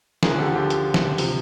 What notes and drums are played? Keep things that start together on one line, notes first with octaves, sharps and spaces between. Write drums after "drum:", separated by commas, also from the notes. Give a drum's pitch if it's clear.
D2 D3 F3 G#4 A#4, drum: snare
G4 A4
F4 G4
drum: hi-hat
drum: snare
C3 F3, drum: open hi-hat